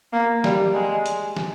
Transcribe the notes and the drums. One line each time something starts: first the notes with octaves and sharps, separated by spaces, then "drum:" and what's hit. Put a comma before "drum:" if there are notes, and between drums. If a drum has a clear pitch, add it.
A#3
G3, drum: snare
G#3
drum: hi-hat
drum: snare